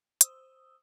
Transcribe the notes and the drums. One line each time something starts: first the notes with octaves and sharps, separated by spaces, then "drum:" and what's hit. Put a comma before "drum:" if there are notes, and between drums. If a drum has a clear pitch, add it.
C5 D#6 E6, drum: hi-hat